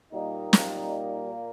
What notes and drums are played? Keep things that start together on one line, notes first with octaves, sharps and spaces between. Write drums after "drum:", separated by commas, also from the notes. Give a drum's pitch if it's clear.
A#2 G3 A#3 D#4
drum: snare